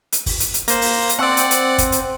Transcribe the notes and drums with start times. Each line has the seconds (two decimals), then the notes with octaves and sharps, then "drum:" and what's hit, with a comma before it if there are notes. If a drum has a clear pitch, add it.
0.12 drum: hi-hat
0.26 drum: kick, open hi-hat
0.40 drum: hi-hat
0.54 drum: hi-hat
0.68 A#3 C5 A#6, drum: hi-hat
0.82 drum: open hi-hat
1.09 drum: hi-hat
1.19 C4 D5 F#5
1.37 drum: hi-hat
1.51 drum: hi-hat
1.78 drum: kick, hi-hat
1.92 drum: hi-hat